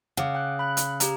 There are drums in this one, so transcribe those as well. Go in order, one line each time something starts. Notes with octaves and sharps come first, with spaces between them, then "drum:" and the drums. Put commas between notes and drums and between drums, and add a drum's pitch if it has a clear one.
C#3 F#5 D6
G5 F#6
B5 F#6
drum: hi-hat
G4 A#5, drum: hi-hat